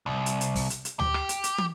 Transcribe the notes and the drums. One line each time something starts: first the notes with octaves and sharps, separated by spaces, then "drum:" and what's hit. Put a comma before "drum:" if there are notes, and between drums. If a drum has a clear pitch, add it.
C2
drum: hi-hat
drum: hi-hat
drum: kick, open hi-hat
drum: hi-hat
drum: hi-hat
G4, drum: tom D2
drum: rim click
drum: hi-hat
drum: hi-hat
drum: tom